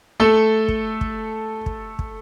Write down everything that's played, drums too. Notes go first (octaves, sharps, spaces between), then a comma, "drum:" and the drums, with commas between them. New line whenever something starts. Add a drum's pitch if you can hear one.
A3 A4
drum: kick
drum: kick
drum: kick
drum: kick